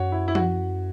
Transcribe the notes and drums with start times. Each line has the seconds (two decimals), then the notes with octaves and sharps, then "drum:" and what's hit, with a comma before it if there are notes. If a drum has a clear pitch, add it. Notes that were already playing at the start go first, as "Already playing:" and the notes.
Already playing: F#2 F#4 C#5
0.12 E4
0.28 E4
0.35 F#4, drum: tom F3